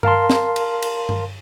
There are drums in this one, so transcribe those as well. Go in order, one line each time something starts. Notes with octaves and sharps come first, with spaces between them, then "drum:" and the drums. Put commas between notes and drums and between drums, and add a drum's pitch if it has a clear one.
A#4 F5 A5 C6, drum: tom G2
drum: snare
drum: cymbal
drum: cymbal
drum: tom G2